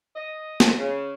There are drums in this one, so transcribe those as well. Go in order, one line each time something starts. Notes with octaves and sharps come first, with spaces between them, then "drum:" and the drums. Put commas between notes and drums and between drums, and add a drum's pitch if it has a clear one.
D#5
drum: snare
C#3